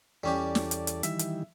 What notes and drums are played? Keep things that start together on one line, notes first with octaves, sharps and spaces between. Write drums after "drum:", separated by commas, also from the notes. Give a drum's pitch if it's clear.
E2 G3 C#4 G4 A4 D5
drum: snare
drum: hi-hat
drum: hi-hat
D#3 E3 G3 E5, drum: hi-hat
drum: hi-hat